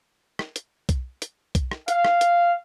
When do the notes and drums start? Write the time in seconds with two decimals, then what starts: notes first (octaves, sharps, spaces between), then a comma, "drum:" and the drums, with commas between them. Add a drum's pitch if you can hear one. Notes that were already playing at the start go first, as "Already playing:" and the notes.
0.39 drum: rim click
0.56 drum: hi-hat
0.89 drum: kick B1, hi-hat
1.22 drum: hi-hat
1.55 drum: kick B1, hi-hat
1.71 drum: rim click
1.88 F5, drum: hi-hat
2.05 drum: rim click
2.21 drum: hi-hat